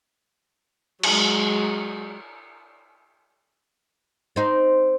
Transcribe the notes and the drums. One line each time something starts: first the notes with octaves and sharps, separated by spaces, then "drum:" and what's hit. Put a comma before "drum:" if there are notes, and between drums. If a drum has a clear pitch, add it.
F#3 G#3, drum: cymbal
C4 D#4